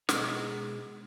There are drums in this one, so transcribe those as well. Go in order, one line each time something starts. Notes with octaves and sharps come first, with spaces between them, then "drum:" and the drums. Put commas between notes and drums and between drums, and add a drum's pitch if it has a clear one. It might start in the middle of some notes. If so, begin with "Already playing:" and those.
B2 G#3 D#4 G#4, drum: snare